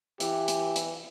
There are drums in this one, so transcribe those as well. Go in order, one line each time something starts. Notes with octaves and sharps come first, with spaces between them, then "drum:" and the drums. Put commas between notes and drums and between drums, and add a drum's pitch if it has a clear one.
E3 G4, drum: hi-hat
drum: hi-hat
drum: hi-hat